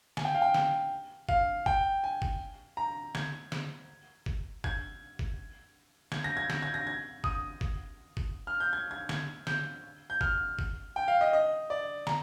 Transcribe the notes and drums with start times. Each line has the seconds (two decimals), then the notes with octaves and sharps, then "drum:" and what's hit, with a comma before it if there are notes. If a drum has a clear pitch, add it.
0.17 G#5, drum: snare
0.25 G5
0.34 F5
0.42 G5
0.54 drum: snare
1.29 F5, drum: kick G1
1.66 G5, drum: kick G1
2.04 G#5
2.22 drum: kick G1
2.77 A#5
3.15 G#6, drum: snare
3.52 drum: snare
4.26 drum: kick G1
4.64 G#6, drum: kick G1
5.19 drum: kick G1
6.12 G#6, drum: snare
6.24 A#6
6.37 G#6
6.50 A#6, drum: snare
6.62 G#6
6.74 A#6
6.87 G#6
7.24 D#6, drum: kick G1
7.61 drum: kick G1
8.17 drum: kick G1
8.47 F6
8.60 G6
8.73 G#6
8.91 G#6
9.09 G#6, drum: snare
9.47 G6, drum: snare
10.10 G6
10.21 F6, drum: kick G1
10.59 drum: kick G1
10.96 G5
11.08 F5
11.21 D#5
11.33 D#5
11.70 D5
12.07 A#5, drum: snare